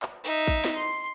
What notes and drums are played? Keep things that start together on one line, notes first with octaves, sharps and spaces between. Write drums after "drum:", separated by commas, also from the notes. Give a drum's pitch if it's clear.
drum: clap
D#4 E5
drum: kick A1
drum: snare
C6